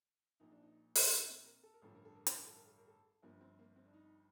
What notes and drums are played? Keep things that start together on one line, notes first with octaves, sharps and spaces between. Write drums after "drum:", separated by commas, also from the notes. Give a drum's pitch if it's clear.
A#1 A#2 F3 D#4
D4
D#4
drum: open hi-hat
D#4
D4
C4
A#4
A4
A#4
A1 G2 D3 F3 A4
A#4
A4
A#4
A4, drum: hi-hat
A#4
A4
A#4
A4
A#4
A4
G1 G2 F3 A#3
C4
A#3
C4
D4
D#4